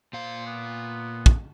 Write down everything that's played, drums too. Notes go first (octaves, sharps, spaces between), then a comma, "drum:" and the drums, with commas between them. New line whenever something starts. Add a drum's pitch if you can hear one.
A#2 C5 F5
B3
drum: kick